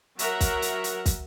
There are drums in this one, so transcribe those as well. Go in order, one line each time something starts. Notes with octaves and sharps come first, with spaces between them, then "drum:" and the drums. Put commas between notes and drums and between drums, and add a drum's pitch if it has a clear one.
F#3 A#4 E5 F#5 A#5, drum: hi-hat
drum: kick, hi-hat
drum: hi-hat
drum: hi-hat
drum: kick, hi-hat